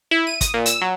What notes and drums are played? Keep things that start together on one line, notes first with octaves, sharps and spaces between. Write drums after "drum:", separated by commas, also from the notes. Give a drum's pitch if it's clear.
E4
D#7
D#6, drum: kick, hi-hat
A#2
E6, drum: hi-hat
F#3